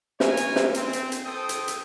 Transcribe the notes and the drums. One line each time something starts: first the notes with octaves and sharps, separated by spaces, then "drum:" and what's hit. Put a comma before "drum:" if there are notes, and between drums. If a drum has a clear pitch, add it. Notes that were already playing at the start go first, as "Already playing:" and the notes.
A#4 C#5 G#5, drum: snare
drum: hi-hat
drum: snare
C4, drum: hi-hat
drum: hi-hat
drum: hi-hat
A4 C5 G5 D#6
drum: hi-hat
drum: hi-hat